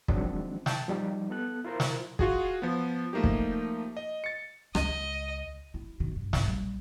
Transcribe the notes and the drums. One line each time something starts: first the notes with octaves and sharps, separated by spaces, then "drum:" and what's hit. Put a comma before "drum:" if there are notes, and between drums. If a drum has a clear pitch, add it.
D#3 F3 F#3 G#3 C4 D4, drum: kick
G5 A5, drum: snare
F3 G3 D#4 G4
B3 A4 F#6
E4 F4 A#4 C5
drum: snare
F4 F#4 G#4, drum: kick
F3 B3
F3 A3 A#3 D#4 G4
drum: kick
D#5
A6 C#7
C#2 D#5, drum: rim click
E4
B2 D#3
G2
G#2 C#3, drum: snare
A#1 G3